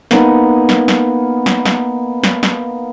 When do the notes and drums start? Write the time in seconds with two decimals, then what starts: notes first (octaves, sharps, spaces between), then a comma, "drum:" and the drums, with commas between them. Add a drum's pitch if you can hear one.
0.11 A#3 B3 D#4, drum: snare
0.69 drum: snare
0.88 drum: snare
1.46 drum: snare
1.66 drum: snare
2.24 drum: snare
2.43 drum: snare